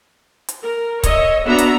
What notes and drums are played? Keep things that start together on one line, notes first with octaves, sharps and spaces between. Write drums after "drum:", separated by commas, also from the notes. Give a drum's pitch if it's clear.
drum: hi-hat
A#4
C#5 D#5 E5, drum: kick C#1, hi-hat
B3 D4 F#4 E5 A#5
drum: hi-hat